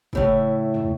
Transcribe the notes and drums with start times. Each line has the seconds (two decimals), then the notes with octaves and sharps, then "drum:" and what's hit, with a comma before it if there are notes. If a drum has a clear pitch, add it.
0.13 A2 C#3 E4, drum: kick
0.74 drum: tom